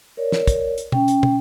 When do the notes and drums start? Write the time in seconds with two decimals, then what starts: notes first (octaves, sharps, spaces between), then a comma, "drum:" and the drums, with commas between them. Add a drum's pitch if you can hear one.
0.17 A#4 C#5 D5
0.32 drum: snare
0.47 drum: kick, hi-hat
0.78 drum: hi-hat
0.92 C#4 G5, drum: tom
1.08 drum: hi-hat
1.23 drum: tom